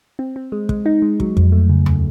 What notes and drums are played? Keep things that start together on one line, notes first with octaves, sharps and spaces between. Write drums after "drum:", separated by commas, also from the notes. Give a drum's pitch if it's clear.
C4
C4
G#3
G#3, drum: kick
D#4
G#3
F#3, drum: kick
F2, drum: kick
A3
C#3
C#3, drum: tom D#2